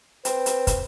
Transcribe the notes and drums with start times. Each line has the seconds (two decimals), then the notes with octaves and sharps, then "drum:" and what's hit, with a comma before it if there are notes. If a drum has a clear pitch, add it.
0.25 C4 B4, drum: hi-hat
0.46 drum: hi-hat
0.67 drum: kick, hi-hat